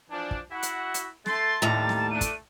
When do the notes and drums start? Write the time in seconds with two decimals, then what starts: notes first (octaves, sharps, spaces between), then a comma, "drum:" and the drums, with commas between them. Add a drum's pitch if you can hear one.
0.10 E3 F3 D4
0.31 drum: kick
0.51 E4 F#4 F#5
0.63 drum: hi-hat
0.94 drum: hi-hat
1.26 A3 A5 C6 A6, drum: snare
1.62 D#2 A2 C3 G3 A5 A#5
1.89 drum: snare
2.11 A3 D4 D#7
2.21 drum: kick, hi-hat